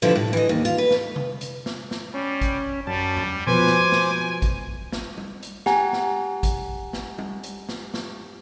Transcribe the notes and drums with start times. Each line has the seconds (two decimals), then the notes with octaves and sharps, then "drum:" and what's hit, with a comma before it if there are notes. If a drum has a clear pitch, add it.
0.02 B2 D3 F3 G3 E4 F4
0.15 A2
0.33 E3 D#5
0.49 D#2
0.65 F4
0.78 B4
0.91 drum: snare
1.16 drum: tom C3
1.41 drum: hi-hat
1.66 drum: snare
1.91 drum: snare
2.14 G3 C#4
2.41 drum: kick, hi-hat
2.87 F#2 G3 A5
3.17 drum: tom E2
3.47 B2 F3 B4 C5 G#5 D6
3.67 drum: snare
3.92 drum: snare
4.42 drum: kick, hi-hat
4.92 drum: snare
5.18 drum: tom G3
5.43 drum: hi-hat
5.66 G4 F#5 G#5 A#5, drum: snare
5.93 drum: snare
6.43 drum: kick, hi-hat
6.93 drum: snare
7.18 drum: tom G3
7.44 drum: hi-hat
7.69 drum: snare
7.94 drum: snare